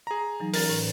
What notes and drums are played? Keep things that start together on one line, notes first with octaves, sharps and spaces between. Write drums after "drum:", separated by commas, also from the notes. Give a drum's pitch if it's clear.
G#4 A#5
E3 F#3 D#4
E3 C#4 A#4 A6, drum: open hi-hat
A2